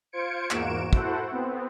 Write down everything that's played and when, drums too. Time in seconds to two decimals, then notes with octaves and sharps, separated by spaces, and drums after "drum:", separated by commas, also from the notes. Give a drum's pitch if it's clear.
0.12 F4 C5 G#6 C#7 D7
0.51 E2 G#2 A#3 F#4 D7 E7, drum: clap
0.93 E4 F#4 A4 C5 F#5, drum: kick
1.31 B3 C4